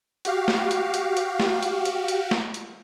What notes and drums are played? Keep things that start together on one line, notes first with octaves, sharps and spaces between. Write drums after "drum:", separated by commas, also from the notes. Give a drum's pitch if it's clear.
F#4 G4 F5, drum: hi-hat
drum: snare
drum: hi-hat
drum: hi-hat
drum: hi-hat
drum: snare
drum: hi-hat
drum: hi-hat
drum: hi-hat
drum: snare
drum: hi-hat